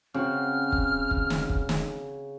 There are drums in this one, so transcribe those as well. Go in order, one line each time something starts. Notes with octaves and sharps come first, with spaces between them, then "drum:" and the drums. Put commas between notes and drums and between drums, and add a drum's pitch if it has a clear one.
C#3 C4 F#4 F6
drum: kick
drum: kick
drum: snare
drum: kick
drum: snare